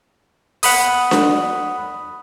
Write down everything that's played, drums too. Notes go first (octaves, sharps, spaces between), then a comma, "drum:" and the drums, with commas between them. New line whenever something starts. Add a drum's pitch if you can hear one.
F#5 B5 D#6, drum: open hi-hat
drum: snare D4